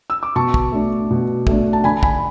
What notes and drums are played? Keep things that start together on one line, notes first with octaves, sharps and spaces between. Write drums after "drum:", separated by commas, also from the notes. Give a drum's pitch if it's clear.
E6
D6
B2 A5 C#6
drum: kick
A3 D4
B2
A3 D4, drum: kick
A5
D3 G#5 B5
G#5 B5, drum: kick